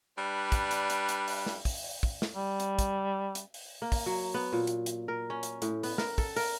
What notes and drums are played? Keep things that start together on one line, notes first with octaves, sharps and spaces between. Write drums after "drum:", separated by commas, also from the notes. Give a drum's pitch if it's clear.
G3 D4 B4
drum: kick, hi-hat
drum: hi-hat
drum: hi-hat
drum: hi-hat
drum: open hi-hat
drum: snare
drum: kick, open hi-hat
drum: open hi-hat
drum: kick
drum: snare
G3
drum: hi-hat
drum: kick, hi-hat
drum: hi-hat
drum: open hi-hat
A#3
drum: kick, open hi-hat
F#3
B3
A#2
drum: hi-hat
drum: hi-hat
A#4
C#4
drum: hi-hat
A2, drum: hi-hat
B3, drum: open hi-hat
A#4, drum: snare
A4, drum: kick, open hi-hat
A#4, drum: open hi-hat